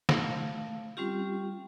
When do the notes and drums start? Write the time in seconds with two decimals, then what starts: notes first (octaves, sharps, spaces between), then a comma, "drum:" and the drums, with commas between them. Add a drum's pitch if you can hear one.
0.09 A3 F5, drum: snare
0.97 G3 C4 C#4 F4 G4